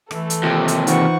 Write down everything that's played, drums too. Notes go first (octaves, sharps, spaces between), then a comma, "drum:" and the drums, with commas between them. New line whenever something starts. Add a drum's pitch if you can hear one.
E3 A3 A4, drum: rim click
drum: hi-hat
D#2 C3 F4
drum: hi-hat
E3 D#4 F4 C5 F#5 C#6, drum: hi-hat